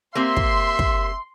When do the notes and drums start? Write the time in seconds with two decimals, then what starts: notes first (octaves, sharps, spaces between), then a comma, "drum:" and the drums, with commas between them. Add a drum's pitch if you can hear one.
0.15 A#3 C4 G4 E5 C6
0.37 drum: kick
0.79 drum: kick